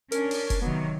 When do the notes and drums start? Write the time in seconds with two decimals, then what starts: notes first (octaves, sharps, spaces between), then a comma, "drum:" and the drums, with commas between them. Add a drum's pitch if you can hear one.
0.12 C#4 D4 A#4, drum: hi-hat
0.31 drum: open hi-hat
0.50 drum: kick F1, hi-hat
0.62 C3 D#3 F#3 B3